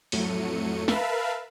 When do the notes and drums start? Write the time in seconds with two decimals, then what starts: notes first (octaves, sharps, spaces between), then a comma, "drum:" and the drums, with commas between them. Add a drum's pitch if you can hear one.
0.12 F2 A2 F#3 A3 C#7 D#7, drum: open hi-hat
0.88 A#4 B4 E5 F5 A5 B5, drum: snare